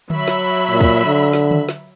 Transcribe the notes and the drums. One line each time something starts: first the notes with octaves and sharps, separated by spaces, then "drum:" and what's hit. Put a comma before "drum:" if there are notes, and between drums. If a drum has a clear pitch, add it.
F#3 E5 B5, drum: tom D3
drum: snare
A#2
drum: kick
D3
drum: snare
drum: tom D3
drum: snare